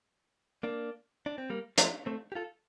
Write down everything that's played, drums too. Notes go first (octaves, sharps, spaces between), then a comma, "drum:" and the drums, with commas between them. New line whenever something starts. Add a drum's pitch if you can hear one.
A#3 D4
D4
C4
G3 A#3
F3 A3, drum: hi-hat
A3 C4
G4
F4 A4